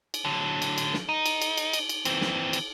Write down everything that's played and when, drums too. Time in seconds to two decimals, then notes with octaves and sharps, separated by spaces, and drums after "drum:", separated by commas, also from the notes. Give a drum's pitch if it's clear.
0.14 drum: cymbal
0.25 D3 F#3
0.62 drum: cymbal
0.78 drum: cymbal
0.94 drum: snare
1.09 D#4
1.26 drum: cymbal
1.42 drum: cymbal
1.57 drum: cymbal
1.73 drum: cymbal
1.89 drum: cymbal
2.05 E3 C4, drum: cymbal
2.21 drum: snare
2.53 drum: cymbal